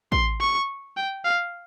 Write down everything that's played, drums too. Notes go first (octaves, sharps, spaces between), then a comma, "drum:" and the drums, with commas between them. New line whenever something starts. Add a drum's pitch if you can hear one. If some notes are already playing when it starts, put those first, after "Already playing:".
C6, drum: kick
C#6
G5
F5